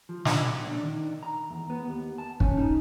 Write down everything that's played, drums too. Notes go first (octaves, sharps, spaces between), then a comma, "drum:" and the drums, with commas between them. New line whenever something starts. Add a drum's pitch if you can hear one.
F3
D4, drum: snare
B1
D4
D#3
A#5
E2
B3
D#2
A5
C#4, drum: kick
D#4